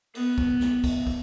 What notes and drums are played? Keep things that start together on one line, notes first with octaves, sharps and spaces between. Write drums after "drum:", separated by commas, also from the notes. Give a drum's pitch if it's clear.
B3, drum: cymbal
drum: kick
drum: snare
drum: kick, cymbal
drum: kick